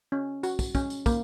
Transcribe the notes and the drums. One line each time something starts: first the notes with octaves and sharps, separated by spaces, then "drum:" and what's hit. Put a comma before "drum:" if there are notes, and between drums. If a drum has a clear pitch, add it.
C#4
F#4, drum: tambourine
drum: kick, tambourine
C#4, drum: kick, tambourine
drum: tambourine
A#3, drum: kick, tambourine